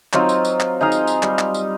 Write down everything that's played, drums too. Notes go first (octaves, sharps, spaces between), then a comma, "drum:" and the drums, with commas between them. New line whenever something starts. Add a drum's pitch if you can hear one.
F#3 C4 D#4 F4, drum: clap
drum: tambourine
drum: tambourine
drum: clap
D#4 G#4 D#5 F5
drum: tambourine
drum: tambourine
G3, drum: clap
drum: clap
drum: tambourine